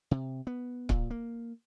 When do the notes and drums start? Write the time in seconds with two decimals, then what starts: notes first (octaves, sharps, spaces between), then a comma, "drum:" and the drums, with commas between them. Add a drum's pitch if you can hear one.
0.11 C3
0.47 B3
0.89 A#2, drum: kick C#1
1.10 A#3